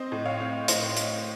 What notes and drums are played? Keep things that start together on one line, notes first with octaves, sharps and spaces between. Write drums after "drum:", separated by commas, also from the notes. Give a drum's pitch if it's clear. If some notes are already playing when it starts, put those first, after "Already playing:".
Already playing: C4 C5 D#5
A2
C#5 F5
C4
A2 C5 D#5, drum: hi-hat
drum: hi-hat